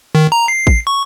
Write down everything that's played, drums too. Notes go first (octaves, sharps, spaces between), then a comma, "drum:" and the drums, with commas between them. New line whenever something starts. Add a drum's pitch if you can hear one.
D#3
A#5
C7
drum: kick A1
C#6